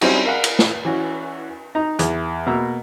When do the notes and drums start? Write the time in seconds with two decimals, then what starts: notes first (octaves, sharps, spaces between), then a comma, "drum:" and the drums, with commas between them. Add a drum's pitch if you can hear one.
0.01 G3 C4 C#4 D#4 E4 F#4, drum: cymbal
0.25 A#4 F5 F#5
0.44 drum: cymbal
0.59 drum: snare
0.85 E3 C#4 F#4
1.75 D#4 A#5
1.99 E2, drum: hi-hat
2.47 B2 A#3 A#5 E6